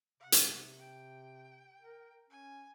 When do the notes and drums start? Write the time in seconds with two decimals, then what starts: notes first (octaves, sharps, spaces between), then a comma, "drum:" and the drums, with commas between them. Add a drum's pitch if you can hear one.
0.20 C3 F#5
0.32 drum: hi-hat
0.79 G5
1.81 A#4
2.30 C#4 G#5